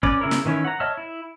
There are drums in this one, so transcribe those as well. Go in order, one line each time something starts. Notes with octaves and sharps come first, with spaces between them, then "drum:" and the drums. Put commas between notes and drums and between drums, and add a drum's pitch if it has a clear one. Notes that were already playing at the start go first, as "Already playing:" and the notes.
C#4 B4 D5, drum: kick
C#3 E4 A#4
drum: snare
D#3 E3 C#4 E4 C#5
F#5 A#5
C#5 D#5 E5 A5 F6
E4